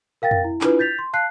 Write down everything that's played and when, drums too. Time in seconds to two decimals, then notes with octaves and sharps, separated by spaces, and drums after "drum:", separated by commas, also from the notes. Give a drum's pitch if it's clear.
0.22 A#4 F5 G5 A6 A#6
0.31 drum: tom F2
0.44 E4
0.61 D4 E4 F4 B4, drum: clap
0.79 G6 A6 B6 F7
0.99 C6
1.13 F5 A5 F#6 C7